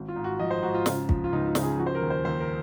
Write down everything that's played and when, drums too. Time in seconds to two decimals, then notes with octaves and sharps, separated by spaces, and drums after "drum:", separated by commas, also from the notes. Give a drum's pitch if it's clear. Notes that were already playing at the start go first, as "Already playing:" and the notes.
Already playing: G#1
0.08 F4
0.16 G#2
0.24 F#4
0.39 F3 D#5
0.51 C5
0.62 G#2 F#4
0.74 F4
0.86 C#3, drum: snare
1.09 F3, drum: kick
1.24 F4
1.32 C#2 D#4
1.48 F4
1.55 C#3, drum: snare
1.63 G#4
1.79 F3 F#4
1.86 C5
1.95 A#4
2.01 D#2
2.10 C5
2.25 D#2 C5
2.40 A#4